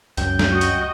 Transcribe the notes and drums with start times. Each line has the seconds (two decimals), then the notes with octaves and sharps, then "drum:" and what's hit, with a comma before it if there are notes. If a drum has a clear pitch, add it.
0.17 C#2 F#2 G5, drum: hi-hat
0.39 drum: snare
0.49 F#4 D#5
0.61 drum: hi-hat